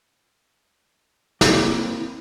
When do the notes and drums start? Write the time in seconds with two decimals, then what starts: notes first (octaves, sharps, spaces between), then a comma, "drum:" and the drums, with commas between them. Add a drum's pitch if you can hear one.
1.41 A#3 C4 E4, drum: snare